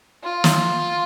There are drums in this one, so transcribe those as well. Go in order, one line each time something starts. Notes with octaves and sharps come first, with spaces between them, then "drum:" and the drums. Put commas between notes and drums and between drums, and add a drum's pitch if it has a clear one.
F4
drum: snare